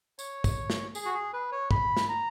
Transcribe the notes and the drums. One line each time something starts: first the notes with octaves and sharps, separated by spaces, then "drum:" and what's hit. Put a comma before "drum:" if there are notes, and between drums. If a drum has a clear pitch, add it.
C#5, drum: tambourine
drum: kick, tambourine
drum: snare
G#4, drum: tambourine
F#4
G#4
B4
C#5
B5, drum: kick
drum: snare
A#5